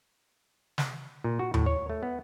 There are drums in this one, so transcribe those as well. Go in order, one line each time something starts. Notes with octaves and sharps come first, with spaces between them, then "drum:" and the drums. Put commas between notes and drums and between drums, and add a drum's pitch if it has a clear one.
drum: snare
A#2
F#4
A2, drum: tom D#2
C#5
A3
B3